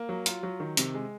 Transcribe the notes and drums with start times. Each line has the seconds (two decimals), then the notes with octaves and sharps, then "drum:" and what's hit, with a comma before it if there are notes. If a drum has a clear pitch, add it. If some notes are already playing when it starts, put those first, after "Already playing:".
Already playing: A#3
0.09 F#3
0.26 F4, drum: hi-hat
0.43 F#3
0.60 D#3
0.77 C3, drum: hi-hat
0.94 G#3